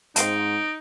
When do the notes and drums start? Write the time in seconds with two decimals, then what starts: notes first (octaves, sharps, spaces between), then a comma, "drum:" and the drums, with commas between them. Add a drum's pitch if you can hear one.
0.16 G#2 C4 D#4 F5 A5 D7, drum: hi-hat